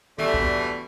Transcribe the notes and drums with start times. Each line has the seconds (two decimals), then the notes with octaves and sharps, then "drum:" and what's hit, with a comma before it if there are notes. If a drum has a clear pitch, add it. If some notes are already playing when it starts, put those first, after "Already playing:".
0.18 B2 D3 E3 G3 A3, drum: tom
0.34 drum: kick